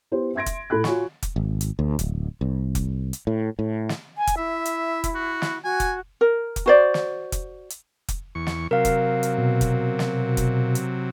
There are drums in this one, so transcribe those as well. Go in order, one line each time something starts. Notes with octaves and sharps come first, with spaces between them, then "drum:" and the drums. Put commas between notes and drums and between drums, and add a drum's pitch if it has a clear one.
B3 E4 G4 C5
E5 C6 G#6 A#6 D7
drum: kick F1, hi-hat
A2 A3 A4 B5 F#6
F4 F#4 C#5 G#5 B5 C#6, drum: snare
drum: kick F1, hi-hat
G#1
drum: hi-hat
D2
D1, drum: kick F1, hi-hat
C2
drum: kick F1, hi-hat
drum: hi-hat
A2
A2
drum: snare
G#5
drum: kick F1, hi-hat
E4 E5
drum: hi-hat
drum: kick F1, hi-hat
F#4
drum: snare
F#4 G#5
drum: kick F1, hi-hat
A#4
drum: kick F1, hi-hat
F#4 C5 D5
drum: snare
drum: kick F1, hi-hat
drum: hi-hat
drum: kick F1, hi-hat
E2 C#6
drum: snare
C3 F#3 A#4 F5
drum: kick F1, hi-hat
drum: hi-hat
B2
drum: kick F1, hi-hat
drum: snare
drum: kick F1, hi-hat
drum: hi-hat